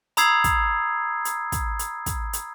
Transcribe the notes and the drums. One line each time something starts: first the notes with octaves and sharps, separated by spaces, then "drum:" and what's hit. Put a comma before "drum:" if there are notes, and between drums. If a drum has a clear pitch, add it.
A#5 B5 D#6 E6 G#6 C7, drum: hi-hat
drum: kick, hi-hat
drum: hi-hat
drum: kick, hi-hat
drum: hi-hat
drum: kick, hi-hat
drum: hi-hat